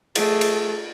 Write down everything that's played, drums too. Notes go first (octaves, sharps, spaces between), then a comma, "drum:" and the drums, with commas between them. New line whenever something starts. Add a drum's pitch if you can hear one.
A3 G#4, drum: cymbal
drum: cymbal